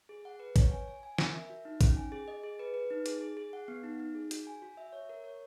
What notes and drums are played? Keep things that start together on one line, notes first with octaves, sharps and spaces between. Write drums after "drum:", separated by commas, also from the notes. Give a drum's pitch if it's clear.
G#4
F#5
B4
C#5, drum: kick A1, hi-hat
G#5
G#5
G#5
A#4, drum: snare
E5
F#4
D#4
C#4, drum: kick A1, hi-hat
G#5
G#4
D#5
G#4
B4
B4
D#4
G#4, drum: hi-hat
G#4
G#4
F#5
B3
D#4
D#4
G#4
F#4, drum: hi-hat
G#5
F#4
E5
C#5
A#4
C#5